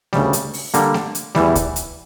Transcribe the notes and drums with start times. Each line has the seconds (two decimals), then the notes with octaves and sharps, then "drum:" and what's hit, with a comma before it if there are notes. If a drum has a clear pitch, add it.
0.13 D2 C#3 G3, drum: snare A3
0.33 drum: hi-hat
0.53 drum: open hi-hat
0.74 D3 G3 A#3, drum: hi-hat
0.94 drum: snare A3
1.15 drum: hi-hat
1.35 E2 E3 G3, drum: snare A3
1.55 drum: kick D2, hi-hat
1.76 drum: hi-hat